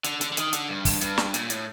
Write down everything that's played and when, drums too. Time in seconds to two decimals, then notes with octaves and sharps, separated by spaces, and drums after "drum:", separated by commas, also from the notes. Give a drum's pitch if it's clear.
0.04 D3, drum: hi-hat
0.21 D3, drum: hi-hat
0.32 D3
0.37 D#3, drum: hi-hat
0.53 D3, drum: hi-hat
0.69 G2
0.85 drum: kick, open hi-hat
1.01 G2, drum: hi-hat
1.18 drum: snare
1.34 A#2, drum: hi-hat
1.50 A2, drum: hi-hat